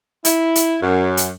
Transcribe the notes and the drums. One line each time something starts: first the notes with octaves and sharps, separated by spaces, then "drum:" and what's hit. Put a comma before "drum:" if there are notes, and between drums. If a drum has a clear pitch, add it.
E4, drum: hi-hat
drum: hi-hat
F#2
drum: hi-hat